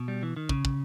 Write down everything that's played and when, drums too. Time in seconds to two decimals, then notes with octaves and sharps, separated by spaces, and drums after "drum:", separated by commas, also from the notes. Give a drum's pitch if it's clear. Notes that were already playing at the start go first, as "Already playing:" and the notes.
Already playing: B2
0.08 G3
0.23 E3
0.36 D#3
0.49 C#3, drum: kick
0.65 drum: kick